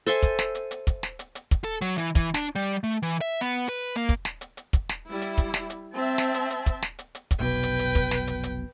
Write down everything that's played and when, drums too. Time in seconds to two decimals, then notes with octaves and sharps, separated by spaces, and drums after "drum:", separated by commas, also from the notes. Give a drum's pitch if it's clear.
0.06 A4 C5 E5 G#5
0.23 drum: kick, hi-hat
0.39 drum: snare
0.55 drum: hi-hat
0.71 drum: hi-hat
0.87 drum: kick, hi-hat
1.03 drum: snare
1.19 drum: hi-hat
1.35 drum: hi-hat
1.51 drum: kick, hi-hat
1.64 A4
1.81 F#3, drum: hi-hat
1.98 E3, drum: hi-hat
2.15 E3, drum: kick, hi-hat
2.34 D4, drum: snare
2.55 G3
2.84 A3
3.03 E3
3.21 E5
3.41 B3
3.69 B4
3.96 A#3
4.09 drum: kick, hi-hat
4.25 drum: snare
4.41 drum: hi-hat
4.57 drum: hi-hat
4.73 drum: kick, hi-hat
4.89 drum: snare
5.09 G3 E4
5.22 drum: hi-hat
5.38 drum: kick, hi-hat
5.54 drum: snare
5.70 drum: hi-hat
5.95 C4 E5 A5
6.18 drum: snare
6.34 drum: hi-hat
6.50 drum: hi-hat
6.66 drum: kick, hi-hat
6.82 drum: snare
6.99 drum: hi-hat
7.15 drum: hi-hat
7.31 drum: kick, hi-hat
7.40 F1 B1 B2 B4 G5
7.63 drum: hi-hat
7.79 drum: hi-hat
7.95 drum: kick, hi-hat
8.11 drum: snare
8.27 drum: hi-hat
8.43 drum: hi-hat